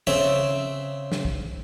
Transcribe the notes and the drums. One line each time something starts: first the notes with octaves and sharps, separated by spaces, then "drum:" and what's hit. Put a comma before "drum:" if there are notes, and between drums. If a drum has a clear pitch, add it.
C#3 C4 E5, drum: tom
drum: snare
drum: kick